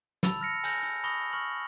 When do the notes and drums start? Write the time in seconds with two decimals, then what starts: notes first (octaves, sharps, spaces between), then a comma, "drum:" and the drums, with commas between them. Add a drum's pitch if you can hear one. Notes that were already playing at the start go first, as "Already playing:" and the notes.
0.23 A5 B5 E6 A6 F7, drum: snare
0.41 F6 A#6 C#7
0.64 G#5 G6 A#6 F7, drum: cymbal
0.83 drum: hi-hat
1.04 B5 C#6 D#6 A#6 F7 G7
1.33 C#6 F6 F#7